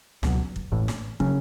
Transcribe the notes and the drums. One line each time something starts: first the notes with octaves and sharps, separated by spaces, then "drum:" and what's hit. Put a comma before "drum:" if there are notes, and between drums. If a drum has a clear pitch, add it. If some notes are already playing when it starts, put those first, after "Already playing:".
C#2 B2 F#3, drum: snare
drum: kick
A1 A2 E3
drum: snare
C#3 F#3 C#4, drum: kick